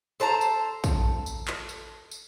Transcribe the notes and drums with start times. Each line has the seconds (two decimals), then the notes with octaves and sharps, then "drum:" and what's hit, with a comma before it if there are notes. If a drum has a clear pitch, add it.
0.20 A4 C5 A5 A#5
0.41 drum: tambourine
0.84 drum: kick, tambourine
1.26 drum: tambourine
1.48 drum: clap
1.69 drum: tambourine
2.11 drum: tambourine